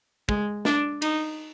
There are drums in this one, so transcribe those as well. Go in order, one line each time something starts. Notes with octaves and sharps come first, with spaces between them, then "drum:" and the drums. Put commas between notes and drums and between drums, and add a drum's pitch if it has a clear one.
G#3, drum: kick
D4, drum: snare
D#4, drum: cymbal